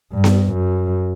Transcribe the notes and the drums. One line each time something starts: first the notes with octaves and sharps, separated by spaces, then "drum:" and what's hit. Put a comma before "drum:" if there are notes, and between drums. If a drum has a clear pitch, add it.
G2
drum: snare B3
F#2